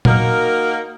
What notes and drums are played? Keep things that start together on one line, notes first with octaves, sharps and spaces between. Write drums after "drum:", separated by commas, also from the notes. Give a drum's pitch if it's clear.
A#3 D#4 F#4 A#4, drum: tom A#2